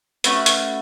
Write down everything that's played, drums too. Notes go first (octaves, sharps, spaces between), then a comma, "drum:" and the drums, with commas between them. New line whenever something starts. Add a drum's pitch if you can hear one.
A3 C#4 F#4 B4, drum: hi-hat
drum: hi-hat